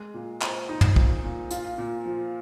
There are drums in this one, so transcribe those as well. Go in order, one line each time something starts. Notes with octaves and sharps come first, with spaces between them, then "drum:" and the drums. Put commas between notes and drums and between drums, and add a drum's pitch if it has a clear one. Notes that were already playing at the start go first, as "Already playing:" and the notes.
Already playing: G#3
A#2
C5, drum: clap
D#4
drum: tom
A#2, drum: kick
A#2
F4, drum: hi-hat
A#2
F3